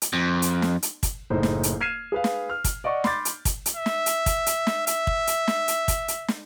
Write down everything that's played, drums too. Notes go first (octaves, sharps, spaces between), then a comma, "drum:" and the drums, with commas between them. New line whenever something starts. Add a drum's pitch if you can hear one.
drum: hi-hat
F2
drum: hi-hat
drum: snare
drum: hi-hat
drum: kick, hi-hat
F#1 A2 D#4 C5
drum: snare
drum: hi-hat
F6 G#6 C7 D#7 E7
G#4 B4 F5
drum: snare
F6
drum: kick, hi-hat
D5 D#5 F#5 C#6
B5 C6 D6 G6 A6, drum: snare
drum: hi-hat
drum: kick, hi-hat
drum: hi-hat
E5
drum: snare
drum: hi-hat
drum: kick, hi-hat
drum: hi-hat
drum: snare
E5, drum: hi-hat
drum: kick
drum: hi-hat
drum: snare
drum: hi-hat
drum: kick, hi-hat
drum: hi-hat
drum: snare